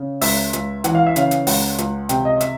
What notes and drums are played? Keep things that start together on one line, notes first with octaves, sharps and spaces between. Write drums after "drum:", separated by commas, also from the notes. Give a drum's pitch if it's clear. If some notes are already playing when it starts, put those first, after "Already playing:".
Already playing: C#3
C#2 E5, drum: open hi-hat
C#2, drum: hi-hat
E3 F#5, drum: hi-hat
F5
E5
C#3 F5, drum: hi-hat
drum: hi-hat
C#2 F#5, drum: open hi-hat
C#2, drum: hi-hat
C3 G5, drum: hi-hat
D#5
E5, drum: hi-hat